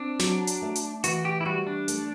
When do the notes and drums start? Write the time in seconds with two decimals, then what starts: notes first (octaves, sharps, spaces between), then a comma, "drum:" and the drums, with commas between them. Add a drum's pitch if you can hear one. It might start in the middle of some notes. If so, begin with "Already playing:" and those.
Already playing: C4 D4
0.19 F#3, drum: snare
0.47 drum: hi-hat
0.62 A3
0.75 drum: hi-hat
1.04 E3 F#4, drum: hi-hat
1.25 G4
1.41 E4
1.45 G3 F#4
1.67 D4
1.88 A3, drum: hi-hat